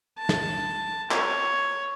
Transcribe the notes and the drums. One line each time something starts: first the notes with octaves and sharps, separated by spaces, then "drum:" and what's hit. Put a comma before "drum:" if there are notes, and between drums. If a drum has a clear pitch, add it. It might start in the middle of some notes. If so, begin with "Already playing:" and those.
A5
drum: snare
C#5, drum: clap